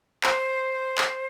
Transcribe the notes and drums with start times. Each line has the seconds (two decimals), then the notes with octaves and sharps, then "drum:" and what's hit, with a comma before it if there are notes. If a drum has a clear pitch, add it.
0.24 C5, drum: clap
0.98 drum: clap